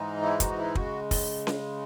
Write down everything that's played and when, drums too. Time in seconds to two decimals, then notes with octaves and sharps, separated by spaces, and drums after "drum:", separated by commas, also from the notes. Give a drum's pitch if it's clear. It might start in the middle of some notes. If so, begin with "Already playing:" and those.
Already playing: G#2 E3 G#3 D#4
0.21 E4
0.40 F#4, drum: kick, hi-hat
0.57 E4
0.75 C#3 G#3 F#4, drum: kick
1.11 drum: kick, open hi-hat
1.47 drum: snare C#4